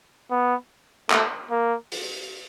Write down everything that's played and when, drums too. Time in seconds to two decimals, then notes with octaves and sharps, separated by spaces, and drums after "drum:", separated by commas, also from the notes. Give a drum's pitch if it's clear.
0.31 B3
1.10 A3, drum: clap
1.51 A#3
1.92 drum: open hi-hat